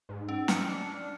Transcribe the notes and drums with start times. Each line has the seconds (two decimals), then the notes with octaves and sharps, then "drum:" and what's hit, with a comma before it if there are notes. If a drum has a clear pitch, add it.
0.09 G#2
0.29 C#4
0.48 D#5 G5 D6 F6 C#7, drum: snare
0.67 D4